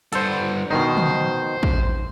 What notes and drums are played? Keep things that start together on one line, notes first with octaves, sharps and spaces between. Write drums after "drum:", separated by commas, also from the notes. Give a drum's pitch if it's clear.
G2 A4 C5 F#5, drum: hi-hat
B2 D#3 D#4 C5
drum: tom
drum: kick